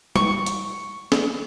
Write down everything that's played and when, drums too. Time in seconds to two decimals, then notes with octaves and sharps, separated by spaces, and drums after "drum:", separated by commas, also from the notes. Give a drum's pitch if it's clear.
0.16 C#6, drum: tom G3
0.46 drum: hi-hat
1.12 drum: snare